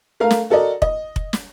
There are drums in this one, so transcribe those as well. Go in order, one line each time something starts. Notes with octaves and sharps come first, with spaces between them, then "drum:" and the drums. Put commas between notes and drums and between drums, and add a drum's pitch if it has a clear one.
A3 A#4 F5
drum: snare
F#4 A4 A#4 D5 D#5
D#5, drum: kick F1
drum: kick F1
drum: snare